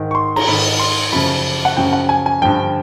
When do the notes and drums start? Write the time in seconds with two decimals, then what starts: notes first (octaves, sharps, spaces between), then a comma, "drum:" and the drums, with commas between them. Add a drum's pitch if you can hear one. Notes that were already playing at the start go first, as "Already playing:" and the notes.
Already playing: G#2 D#3
0.11 C#6
0.15 C6
0.36 A#5, drum: cymbal
0.47 G#2 D#3 B5
0.79 C6
1.12 F#2 C#3 F3 B5
1.65 F#5
1.77 F#2 C#3 F3 G5
1.93 F#5
2.09 G#5
2.26 G#5
2.42 G2 D3 F3 G5